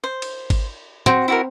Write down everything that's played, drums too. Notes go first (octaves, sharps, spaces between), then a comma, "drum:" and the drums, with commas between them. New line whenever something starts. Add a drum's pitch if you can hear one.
C5
drum: cymbal
drum: kick G#1, cymbal
C4 F#4, drum: tom
E4 F#4 A#4